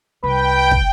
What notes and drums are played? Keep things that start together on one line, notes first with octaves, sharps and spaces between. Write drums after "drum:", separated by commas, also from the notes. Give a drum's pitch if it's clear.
C2 B4 G5
drum: kick